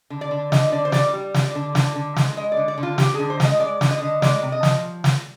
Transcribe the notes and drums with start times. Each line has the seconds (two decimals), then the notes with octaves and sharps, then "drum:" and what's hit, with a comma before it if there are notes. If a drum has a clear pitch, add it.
0.10 D3
0.21 D5
0.31 D3
0.52 D3 D#5, drum: snare
0.72 D3 D5
0.85 C5
0.92 G3 D5, drum: snare
1.14 G3
1.34 D3, drum: snare
1.44 D5
1.55 D3
1.75 D3, drum: snare
1.95 D3
2.16 G#3, drum: snare
2.37 G#3 D#5
2.52 D3 D5
2.68 D5
2.78 D3
2.83 F4
2.98 D3 G4, drum: snare
3.14 G#4
3.19 D3
3.30 C5
3.40 G#3, drum: snare
3.45 D#5
3.60 G#3 D5
3.81 D3, drum: snare
3.91 D#5
4.02 D3
4.22 G#3 D5, drum: snare
4.42 C3
4.52 D#5
4.63 F3, drum: snare
5.04 drum: snare